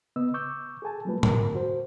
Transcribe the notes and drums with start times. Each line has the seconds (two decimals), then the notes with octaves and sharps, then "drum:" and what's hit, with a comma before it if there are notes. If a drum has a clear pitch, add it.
0.16 C#3 B3 D#5 E6
0.34 C#6 D6 E6 G6
0.82 G#4 A4 G#5 A5
1.05 F#3 G3 A3 A#3 F4 B4
1.23 E2 G2 D3 F#3 A#4, drum: tom A2
1.55 F#4 C5